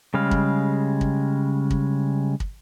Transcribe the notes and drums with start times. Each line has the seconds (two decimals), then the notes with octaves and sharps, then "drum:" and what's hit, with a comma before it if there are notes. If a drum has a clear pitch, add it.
0.14 C#3 G3 G#3 F5
0.31 drum: kick
1.01 drum: kick
1.70 drum: kick
2.40 drum: kick